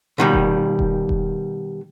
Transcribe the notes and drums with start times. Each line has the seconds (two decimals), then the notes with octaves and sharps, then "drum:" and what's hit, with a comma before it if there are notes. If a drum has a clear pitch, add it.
0.18 B2 D#3 G3
0.33 drum: kick E1
0.79 drum: kick E1
1.09 drum: kick E1